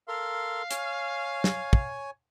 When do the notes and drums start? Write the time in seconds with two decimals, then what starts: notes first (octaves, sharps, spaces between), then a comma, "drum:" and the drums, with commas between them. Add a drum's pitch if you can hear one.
0.08 A4 A#4 F5 C6
0.71 C#5 G#5, drum: hi-hat
1.44 drum: snare
1.73 drum: kick